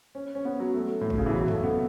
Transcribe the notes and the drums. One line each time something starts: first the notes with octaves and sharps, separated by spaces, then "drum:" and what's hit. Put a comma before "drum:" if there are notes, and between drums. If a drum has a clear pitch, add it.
C#4
C#4
B3
F#3
A3
A2
B2, drum: kick
C#3
E3
F#3
A3, drum: tom
B3